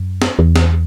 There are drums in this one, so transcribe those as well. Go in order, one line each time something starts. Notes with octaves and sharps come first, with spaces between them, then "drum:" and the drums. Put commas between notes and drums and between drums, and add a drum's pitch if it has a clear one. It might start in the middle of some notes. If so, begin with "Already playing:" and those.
Already playing: F#2
drum: snare
E2
drum: snare